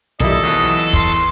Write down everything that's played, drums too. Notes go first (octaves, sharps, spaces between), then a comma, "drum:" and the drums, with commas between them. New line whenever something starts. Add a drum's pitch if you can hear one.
B1 A#2 D#3 G3 E4 A4 D#5
C#2 E3 F#3 B3
drum: hi-hat
C6, drum: kick, open hi-hat